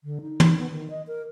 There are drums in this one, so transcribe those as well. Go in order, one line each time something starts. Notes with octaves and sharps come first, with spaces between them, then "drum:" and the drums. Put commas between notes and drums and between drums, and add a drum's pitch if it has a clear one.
D3
D#4
drum: tom
B3
D#3
D#5
A#4